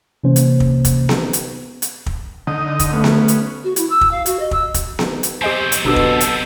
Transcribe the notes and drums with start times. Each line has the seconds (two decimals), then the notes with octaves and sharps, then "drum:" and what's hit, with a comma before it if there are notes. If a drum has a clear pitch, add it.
0.24 C3 E3 A#3 C#4 C5
0.36 drum: hi-hat
0.60 drum: kick
0.85 drum: kick, hi-hat
1.09 drum: snare B3
1.33 drum: hi-hat
1.82 drum: hi-hat
2.06 drum: kick
2.47 D3 D#4 D#5
2.79 drum: kick, hi-hat
2.93 A3 B3 C#4
3.04 drum: snare B3
3.28 drum: hi-hat
3.63 F#4
3.76 E4, drum: hi-hat
3.89 E6
4.01 drum: kick
4.11 F5
4.26 F#4, drum: hi-hat
4.39 D#5
4.51 E6, drum: kick
4.74 drum: kick, hi-hat
4.99 drum: snare B3
5.23 drum: hi-hat
5.42 F#3 C4 G4 C5 D#5 G#5
5.72 drum: hi-hat
5.84 G1 B2 D4 G4 A4
5.96 drum: kick
6.21 drum: hi-hat